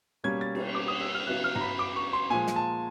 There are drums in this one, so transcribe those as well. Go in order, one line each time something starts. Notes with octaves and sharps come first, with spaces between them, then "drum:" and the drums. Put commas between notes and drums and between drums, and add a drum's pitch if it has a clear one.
B2 G3 A#3 C#4 G#6
A6
drum: cymbal
D6
D#6
E6
F6
C#3 F#3 B3 E4 F#6
F6
A#5, drum: tom G2
B5
D6
C#6
C6
A#2 F3 G#3 G#5
drum: snare
A5